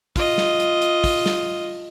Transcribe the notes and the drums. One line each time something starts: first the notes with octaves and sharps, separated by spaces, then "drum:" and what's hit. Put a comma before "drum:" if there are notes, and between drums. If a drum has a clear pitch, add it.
F4 D#5, drum: kick, open hi-hat
drum: snare
drum: hi-hat
drum: hi-hat
drum: kick, open hi-hat
drum: snare